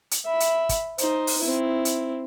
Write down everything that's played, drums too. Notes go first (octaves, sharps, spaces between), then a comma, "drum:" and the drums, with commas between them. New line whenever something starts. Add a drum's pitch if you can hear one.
drum: hi-hat
E5 B5
drum: hi-hat
drum: kick, hi-hat
D#4 C5, drum: hi-hat
drum: open hi-hat
C4 E4
drum: hi-hat